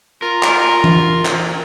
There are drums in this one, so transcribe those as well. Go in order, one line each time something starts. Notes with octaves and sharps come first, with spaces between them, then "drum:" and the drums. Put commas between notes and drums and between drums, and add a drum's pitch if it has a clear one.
F4 A#4
drum: clap
drum: tom E3
drum: clap